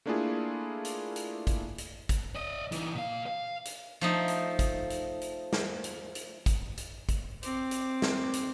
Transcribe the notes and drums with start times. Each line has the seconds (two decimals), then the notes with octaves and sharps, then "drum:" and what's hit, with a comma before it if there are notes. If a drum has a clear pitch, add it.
0.06 A3 A#3 D4 E4 F4 G#4
0.85 drum: hi-hat
1.16 drum: hi-hat
1.47 drum: kick, hi-hat
1.78 drum: hi-hat
2.09 drum: kick, hi-hat
2.35 D5 D#5
2.72 E3 D#4, drum: hi-hat
2.95 A#2 F5
3.27 F5
3.65 drum: hi-hat
4.01 F3 A3 D#4
4.28 drum: hi-hat
4.59 drum: kick, hi-hat
4.90 drum: hi-hat
5.21 drum: hi-hat
5.53 drum: snare
5.84 drum: hi-hat
6.15 drum: hi-hat
6.46 drum: kick, hi-hat
6.77 drum: hi-hat
7.09 drum: kick, hi-hat
7.43 C4 D6, drum: hi-hat
7.71 drum: hi-hat
8.02 drum: snare
8.33 drum: hi-hat